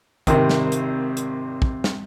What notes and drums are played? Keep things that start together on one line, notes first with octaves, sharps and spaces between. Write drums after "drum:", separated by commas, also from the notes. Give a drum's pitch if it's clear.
G#1 C3 D#3 C4, drum: kick, hi-hat
drum: snare
drum: hi-hat
drum: hi-hat
drum: kick
drum: snare